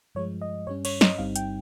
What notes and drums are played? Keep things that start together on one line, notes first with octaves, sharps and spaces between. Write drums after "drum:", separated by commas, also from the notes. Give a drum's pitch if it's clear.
G2 F3 G#3 C#5
D#5
G2 G3 C#4 C#5
C#5, drum: cymbal
D#5, drum: snare
G1 G2 G3 C4 D#4 F5
G5, drum: hi-hat